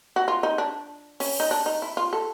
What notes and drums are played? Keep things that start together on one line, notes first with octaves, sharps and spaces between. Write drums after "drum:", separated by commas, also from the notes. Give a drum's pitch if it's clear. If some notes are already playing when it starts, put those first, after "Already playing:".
F#4
F4
D#4
D4
C#4, drum: open hi-hat
D#4
D4
D#4
E4
F4
A4